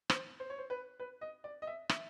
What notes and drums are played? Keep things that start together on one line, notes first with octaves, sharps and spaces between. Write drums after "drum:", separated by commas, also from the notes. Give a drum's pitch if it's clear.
C5, drum: rim click
C5
C#5
C5
B4
B4
D#5
D5
D#5
E5
E5, drum: rim click